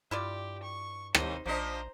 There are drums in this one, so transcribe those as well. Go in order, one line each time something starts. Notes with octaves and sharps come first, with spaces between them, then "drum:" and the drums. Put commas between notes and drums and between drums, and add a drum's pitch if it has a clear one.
G2 E4 F4 G4 D5
C#6
D#2 D#4 C5, drum: rim click
A#1 F3 D4 C5 D#5 A#5